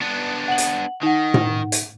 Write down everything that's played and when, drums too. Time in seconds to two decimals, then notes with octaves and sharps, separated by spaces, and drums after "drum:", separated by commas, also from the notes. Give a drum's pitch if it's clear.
0.01 B3 D4
0.48 F#5 F#7
0.58 drum: hi-hat
1.03 D#3 D#4 F#5
1.34 drum: tom A2
1.72 drum: hi-hat